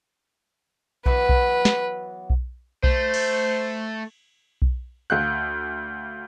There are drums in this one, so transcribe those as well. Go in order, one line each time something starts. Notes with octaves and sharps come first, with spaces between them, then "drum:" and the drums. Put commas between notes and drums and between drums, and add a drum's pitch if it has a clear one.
E3 F#3 B3 B4, drum: kick B1
drum: kick B1
drum: snare
drum: kick B1
A3 C5, drum: kick B1
drum: cymbal
drum: kick B1
D2 F5 F#6 G6